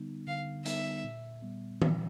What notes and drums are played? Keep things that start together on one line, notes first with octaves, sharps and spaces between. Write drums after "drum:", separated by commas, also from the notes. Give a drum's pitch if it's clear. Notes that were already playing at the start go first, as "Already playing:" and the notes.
Already playing: D3 G3 B3 D#4
D3 F5
G3 B3 D#4 E5, drum: hi-hat
A#2
G3 B3
A#2, drum: tom D#3